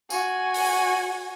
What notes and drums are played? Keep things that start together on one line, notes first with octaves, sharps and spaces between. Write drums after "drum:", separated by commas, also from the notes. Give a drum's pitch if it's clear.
F#4 G#5, drum: tambourine
drum: open hi-hat